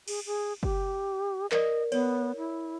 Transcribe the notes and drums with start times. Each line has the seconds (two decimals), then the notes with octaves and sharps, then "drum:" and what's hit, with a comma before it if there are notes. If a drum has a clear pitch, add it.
0.08 G#4, drum: cymbal
0.26 G#4
0.63 G4, drum: kick F#1
1.52 A#4 D5 D#5, drum: clap
1.92 B3 C#5, drum: cymbal
2.37 E4